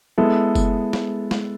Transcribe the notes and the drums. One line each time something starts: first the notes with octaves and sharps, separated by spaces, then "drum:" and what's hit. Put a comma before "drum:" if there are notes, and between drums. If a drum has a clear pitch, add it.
G#3 B3 E4 A4
drum: kick F#1, tambourine
drum: snare
drum: snare